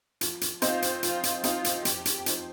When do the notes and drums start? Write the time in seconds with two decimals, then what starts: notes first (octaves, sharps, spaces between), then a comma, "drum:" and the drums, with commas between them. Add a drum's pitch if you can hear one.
0.21 F3, drum: hi-hat
0.41 drum: hi-hat
0.62 C4 D#4 F4 C5 D#5, drum: hi-hat
0.82 drum: hi-hat
1.03 F3 F4, drum: hi-hat
1.23 drum: hi-hat
1.44 C4 D#4 F4 C5 D#5, drum: hi-hat
1.64 drum: hi-hat
1.85 F2 G4, drum: hi-hat
2.05 drum: hi-hat
2.26 F3 D#4 C5, drum: hi-hat